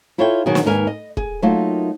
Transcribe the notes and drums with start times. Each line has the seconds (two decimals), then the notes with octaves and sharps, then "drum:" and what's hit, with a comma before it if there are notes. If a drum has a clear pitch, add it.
0.18 E4 F4 A4 C#5 E5 G5
0.46 B2 D#3 F#3 B3 G#4
0.55 drum: snare
0.65 D#2 G#2 D#4 A#4 B4 G#5
0.87 D#5
1.17 G#4, drum: kick
1.42 F#3 A3 A#3 D#4 F4